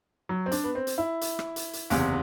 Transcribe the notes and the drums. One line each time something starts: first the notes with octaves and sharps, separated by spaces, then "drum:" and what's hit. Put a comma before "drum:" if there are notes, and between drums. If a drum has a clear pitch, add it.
F#3
C4
D4, drum: hi-hat
B3
C4
drum: hi-hat
E4
drum: hi-hat
drum: rim click
drum: hi-hat
drum: hi-hat
F#1 E2 C3, drum: hi-hat